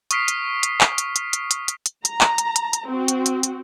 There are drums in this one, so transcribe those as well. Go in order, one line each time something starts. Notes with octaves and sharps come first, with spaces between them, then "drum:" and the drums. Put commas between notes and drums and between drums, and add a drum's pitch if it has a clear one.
C#6 D#6 F6 B6 C7 D7, drum: hi-hat
drum: hi-hat
drum: hi-hat
drum: clap
drum: hi-hat
drum: hi-hat
drum: hi-hat
drum: hi-hat
drum: hi-hat
drum: hi-hat
A#5, drum: hi-hat
drum: clap
drum: hi-hat
drum: hi-hat
drum: hi-hat
C4 F#4
drum: hi-hat
drum: hi-hat
drum: hi-hat